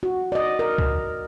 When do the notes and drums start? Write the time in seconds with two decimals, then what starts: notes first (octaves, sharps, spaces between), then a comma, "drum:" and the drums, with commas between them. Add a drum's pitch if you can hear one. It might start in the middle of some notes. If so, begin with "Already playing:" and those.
0.03 F#4
0.32 D5 D#5
0.59 A#4
0.78 drum: kick